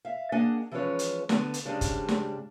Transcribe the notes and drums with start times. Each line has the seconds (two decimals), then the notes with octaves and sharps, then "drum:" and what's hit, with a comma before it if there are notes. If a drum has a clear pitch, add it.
0.05 E5 F5
0.32 A#3 D4 G#4 D#5 F#5 G#5
0.71 E3 F3 G#3 C#4 B4 C#5
0.99 drum: hi-hat
1.29 D3 B3, drum: snare
1.54 drum: hi-hat
1.65 G#2 C#3 G3 G#3 D4
1.81 drum: kick, hi-hat
2.08 drum: snare